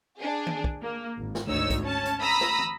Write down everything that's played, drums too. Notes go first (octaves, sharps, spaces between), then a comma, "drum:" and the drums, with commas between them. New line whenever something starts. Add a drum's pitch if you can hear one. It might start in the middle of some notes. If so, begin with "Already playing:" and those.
D4 G#4
drum: tom D#3
drum: kick
A#3
G#1
drum: snare
G#1 D2 D#4 C#5 E6
drum: kick, hi-hat
C#4 A5
drum: hi-hat
A#5 B5 D#6 E6
drum: snare
drum: tom